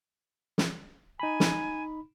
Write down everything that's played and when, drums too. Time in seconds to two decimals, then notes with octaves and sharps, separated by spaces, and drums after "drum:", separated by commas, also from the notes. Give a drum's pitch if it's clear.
0.58 drum: snare
1.20 D#4 G#5 B5
1.40 drum: snare